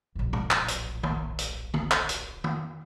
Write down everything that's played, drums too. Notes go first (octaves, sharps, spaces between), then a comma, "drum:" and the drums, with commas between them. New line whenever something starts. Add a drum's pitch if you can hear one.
D1 A#1
drum: tom
drum: clap
drum: hi-hat
drum: tom
drum: hi-hat
drum: tom
drum: clap
drum: hi-hat
drum: tom